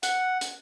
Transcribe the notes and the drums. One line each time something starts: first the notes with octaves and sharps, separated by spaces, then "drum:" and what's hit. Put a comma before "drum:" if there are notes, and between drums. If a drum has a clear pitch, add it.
F#5, drum: hi-hat
drum: hi-hat